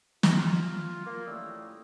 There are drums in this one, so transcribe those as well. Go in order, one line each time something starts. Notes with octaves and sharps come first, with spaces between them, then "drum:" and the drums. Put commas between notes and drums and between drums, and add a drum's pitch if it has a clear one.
F4, drum: snare
A#3
A2 G3 A3 C#4 D#6 E6